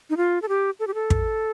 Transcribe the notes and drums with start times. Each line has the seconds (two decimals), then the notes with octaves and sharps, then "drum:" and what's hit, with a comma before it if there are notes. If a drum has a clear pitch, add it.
0.10 D#4
0.17 F4
0.42 A4
0.49 G4
0.80 A4
0.87 G4
0.94 A4
1.10 drum: kick